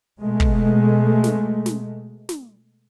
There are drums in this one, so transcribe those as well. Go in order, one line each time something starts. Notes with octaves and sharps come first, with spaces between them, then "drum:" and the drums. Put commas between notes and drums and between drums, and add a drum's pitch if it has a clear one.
B2 G#3 A3
drum: kick
drum: snare
drum: snare
drum: snare